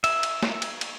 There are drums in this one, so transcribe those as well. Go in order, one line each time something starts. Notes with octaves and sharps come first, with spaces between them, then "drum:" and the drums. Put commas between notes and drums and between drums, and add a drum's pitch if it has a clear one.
E5, drum: cymbal
drum: cymbal
drum: snare
drum: cymbal
drum: cymbal